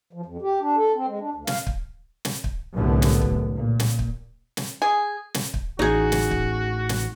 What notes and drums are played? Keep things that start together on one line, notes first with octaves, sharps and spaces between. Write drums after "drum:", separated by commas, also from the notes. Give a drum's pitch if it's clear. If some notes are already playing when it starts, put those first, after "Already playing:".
F3
F2
G4
D4
A4
C4
G#3
D4
D2
F5, drum: snare
drum: kick
drum: snare
drum: kick
C2 F#2 A2 D3 A3 B3
drum: snare
drum: kick
A#2
drum: snare
drum: kick
drum: snare
G#4
drum: snare
drum: kick
A1 D#4 F#4 G#4
drum: snare
drum: kick
drum: snare